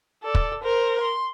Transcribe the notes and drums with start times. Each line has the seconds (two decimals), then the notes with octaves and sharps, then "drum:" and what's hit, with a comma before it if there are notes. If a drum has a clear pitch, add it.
0.23 A4 D5
0.35 drum: kick
0.62 A#4 C5
1.01 C6